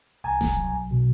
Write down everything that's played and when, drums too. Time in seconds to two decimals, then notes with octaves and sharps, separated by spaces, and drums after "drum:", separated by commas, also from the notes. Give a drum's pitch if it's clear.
0.24 C2 G#5 A#5
0.41 C2, drum: snare D#1
0.57 F#3
0.74 B1
0.91 B2